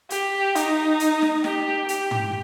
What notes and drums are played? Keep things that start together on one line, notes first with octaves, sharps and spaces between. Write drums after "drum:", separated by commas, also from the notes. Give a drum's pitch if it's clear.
G4, drum: hi-hat
D#4, drum: hi-hat
drum: hi-hat
drum: snare
G4, drum: snare
G4, drum: hi-hat
drum: tom